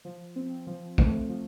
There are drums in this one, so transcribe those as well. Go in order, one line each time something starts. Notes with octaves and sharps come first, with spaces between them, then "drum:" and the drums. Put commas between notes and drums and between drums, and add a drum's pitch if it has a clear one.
F3
C4
F3
A3, drum: kick
F3